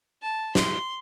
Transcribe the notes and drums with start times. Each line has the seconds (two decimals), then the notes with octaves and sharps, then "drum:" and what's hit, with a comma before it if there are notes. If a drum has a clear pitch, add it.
0.22 A5
0.55 C6, drum: snare